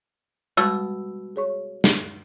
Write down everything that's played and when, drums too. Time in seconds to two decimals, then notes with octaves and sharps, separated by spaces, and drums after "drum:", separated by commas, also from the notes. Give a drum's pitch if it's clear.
0.57 B2 G3 G#3 C#6 E6
1.36 G#4 C#5 C#6
1.84 drum: snare